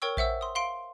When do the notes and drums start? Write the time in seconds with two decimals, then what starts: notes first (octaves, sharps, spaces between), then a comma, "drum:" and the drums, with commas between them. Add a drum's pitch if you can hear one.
0.02 A#4 C#5 G5 C#6 E6
0.17 C5 E5 F#5 E6, drum: kick A#1
0.41 C6 D#6
0.55 F5 C6 D7